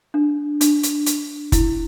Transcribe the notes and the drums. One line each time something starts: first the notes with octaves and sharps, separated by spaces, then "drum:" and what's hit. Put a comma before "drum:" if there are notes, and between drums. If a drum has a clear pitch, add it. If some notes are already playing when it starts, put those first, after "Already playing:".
D4
D4, drum: hi-hat
drum: hi-hat
drum: hi-hat
E4, drum: kick, hi-hat